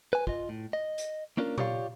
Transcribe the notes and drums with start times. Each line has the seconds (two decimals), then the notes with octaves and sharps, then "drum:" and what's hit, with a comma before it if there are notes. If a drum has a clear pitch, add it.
0.13 B4 G#5
0.27 F4 D#5, drum: kick
0.49 A2
0.73 D#5
0.98 drum: hi-hat
1.37 A#3 C#4 D4 F4 A4 A#4
1.58 F4 G4 C#5 D5 F5, drum: tom A#2